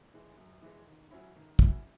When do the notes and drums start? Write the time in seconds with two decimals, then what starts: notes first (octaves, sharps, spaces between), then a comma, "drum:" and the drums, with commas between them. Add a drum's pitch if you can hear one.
0.13 E3 G#3
0.38 F#2
0.62 E3 G#3
0.87 D#3
1.11 F#3 C#4 E4
1.36 D#3
1.59 F#3 C#4 E4, drum: kick